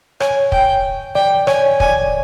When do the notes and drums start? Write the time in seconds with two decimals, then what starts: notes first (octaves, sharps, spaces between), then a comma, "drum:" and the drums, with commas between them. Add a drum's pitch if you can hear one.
0.20 C#5 G#5, drum: rim click
0.52 G5, drum: kick
1.15 D5 G5
1.47 C#5 G#5, drum: rim click
1.80 D5 G#5, drum: kick